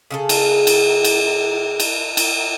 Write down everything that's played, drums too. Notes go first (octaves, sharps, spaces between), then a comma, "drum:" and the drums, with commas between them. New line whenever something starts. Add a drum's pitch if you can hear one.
C#3 G#4 A4
drum: cymbal
drum: cymbal
drum: cymbal
drum: cymbal
drum: cymbal